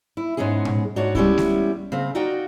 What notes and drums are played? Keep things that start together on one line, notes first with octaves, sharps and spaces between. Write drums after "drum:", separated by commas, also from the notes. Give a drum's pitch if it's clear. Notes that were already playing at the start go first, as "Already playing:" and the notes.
E4
G#2 G#3 B3 C#4 G#4
drum: tom A2
G#2 D4 F#4 C#5
G3 G#3 B3 C#4 D#4 E4, drum: kick C2
drum: snare A3
C#3 C4 F5
D#4 F4 F#4 D5 G5